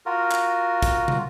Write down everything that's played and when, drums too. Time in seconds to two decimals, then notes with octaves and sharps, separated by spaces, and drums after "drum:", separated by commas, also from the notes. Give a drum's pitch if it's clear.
0.06 F4 F#4 A#4
0.31 drum: clap
0.82 drum: kick, hi-hat
1.08 drum: tom